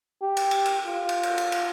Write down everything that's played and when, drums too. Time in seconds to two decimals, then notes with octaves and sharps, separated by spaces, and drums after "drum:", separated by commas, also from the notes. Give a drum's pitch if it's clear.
0.22 G4
0.37 drum: cymbal
0.51 drum: cymbal
0.66 drum: cymbal
0.87 F4
1.09 drum: cymbal
1.23 drum: cymbal
1.38 drum: cymbal
1.52 drum: cymbal